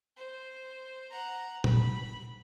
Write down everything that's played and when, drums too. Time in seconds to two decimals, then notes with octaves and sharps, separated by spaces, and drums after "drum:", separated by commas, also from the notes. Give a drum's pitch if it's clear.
0.17 C5
1.11 F#5 A#5
1.64 B5, drum: tom A#2